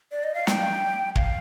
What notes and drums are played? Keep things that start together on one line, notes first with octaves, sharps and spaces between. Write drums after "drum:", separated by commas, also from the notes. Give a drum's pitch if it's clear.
D5
D#5
F5
G5, drum: snare
F5, drum: kick